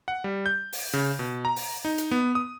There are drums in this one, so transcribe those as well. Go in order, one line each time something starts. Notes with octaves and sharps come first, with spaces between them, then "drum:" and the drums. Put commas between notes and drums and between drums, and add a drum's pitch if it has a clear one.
F#5
G3
G6
drum: open hi-hat
C#3
B2
A#5
drum: open hi-hat
D#4
drum: hi-hat
B3
D#6